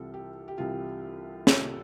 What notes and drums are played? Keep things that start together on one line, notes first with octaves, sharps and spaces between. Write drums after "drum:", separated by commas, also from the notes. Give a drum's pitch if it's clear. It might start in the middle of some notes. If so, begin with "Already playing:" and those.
Already playing: C2 C3 E3 G3 C4 F4 A4
G4
G4
C2 C3 E3 G3 C4 F4
C2 C3 G3 F4 A4, drum: snare